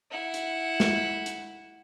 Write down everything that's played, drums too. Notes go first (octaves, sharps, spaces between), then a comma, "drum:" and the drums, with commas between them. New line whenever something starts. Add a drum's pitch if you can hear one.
E4 F#5
drum: hi-hat
drum: snare
drum: hi-hat